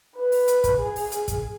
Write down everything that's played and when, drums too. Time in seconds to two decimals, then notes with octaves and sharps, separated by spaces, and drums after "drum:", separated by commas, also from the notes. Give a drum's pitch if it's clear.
0.16 B4
0.32 drum: open hi-hat
0.48 drum: hi-hat
0.64 drum: kick, hi-hat
0.80 G#4
0.96 drum: open hi-hat
1.12 drum: hi-hat
1.28 drum: kick, hi-hat